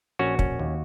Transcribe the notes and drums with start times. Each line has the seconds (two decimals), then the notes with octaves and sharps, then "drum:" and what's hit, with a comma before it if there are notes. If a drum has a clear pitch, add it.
0.19 A#1 C#4 F#4
0.39 C#4, drum: kick
0.59 D#2